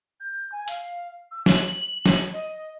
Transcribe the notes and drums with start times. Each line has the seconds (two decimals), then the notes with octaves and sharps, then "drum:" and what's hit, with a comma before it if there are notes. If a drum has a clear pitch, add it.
0.20 G6
0.52 G#5
0.68 F5, drum: hi-hat
1.31 E6
1.46 F#7, drum: snare
2.06 drum: snare
2.33 D#5